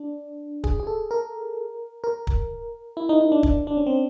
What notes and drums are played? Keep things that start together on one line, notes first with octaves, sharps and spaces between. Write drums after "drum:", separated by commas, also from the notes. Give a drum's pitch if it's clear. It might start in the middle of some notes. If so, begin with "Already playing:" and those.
Already playing: D4
G#4, drum: kick
G#4
A4
A#4
A#4
drum: kick
E4
D#4
D#4
D4
D4, drum: kick
D4
C#4
C4